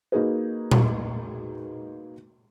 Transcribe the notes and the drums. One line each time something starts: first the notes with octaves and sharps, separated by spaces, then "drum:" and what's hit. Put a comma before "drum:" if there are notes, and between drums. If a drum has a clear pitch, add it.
A#3 D#4 F#4 G#4 B4
drum: tom A#2